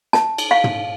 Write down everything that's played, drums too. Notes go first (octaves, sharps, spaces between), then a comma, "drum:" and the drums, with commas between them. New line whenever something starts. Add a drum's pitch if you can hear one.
A5, drum: snare
drum: cymbal
F5
drum: tom